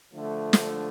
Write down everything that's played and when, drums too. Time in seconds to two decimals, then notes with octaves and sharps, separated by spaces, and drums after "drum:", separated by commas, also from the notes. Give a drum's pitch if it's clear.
0.13 D3 F3 A3
0.53 drum: snare